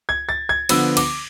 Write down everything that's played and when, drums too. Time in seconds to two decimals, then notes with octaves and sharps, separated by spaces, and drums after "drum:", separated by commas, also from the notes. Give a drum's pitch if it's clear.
0.09 G#6
0.29 A6
0.49 G#6
0.69 D3 F3 B3 E6, drum: cymbal
0.97 D6, drum: cymbal